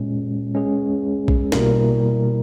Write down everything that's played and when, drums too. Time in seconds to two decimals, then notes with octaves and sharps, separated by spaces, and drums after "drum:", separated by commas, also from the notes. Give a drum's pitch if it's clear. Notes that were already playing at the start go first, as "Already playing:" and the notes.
Already playing: A#2 G#3 C#4
0.55 G#3 C#4 G#4
1.28 drum: kick A#1
1.52 B2 G3 A#3 E4 A#4, drum: snare